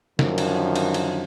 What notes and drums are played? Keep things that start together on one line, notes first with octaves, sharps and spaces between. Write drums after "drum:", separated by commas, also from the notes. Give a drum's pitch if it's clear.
F#2 D3 D#3 F3, drum: snare
drum: cymbal
drum: cymbal
drum: cymbal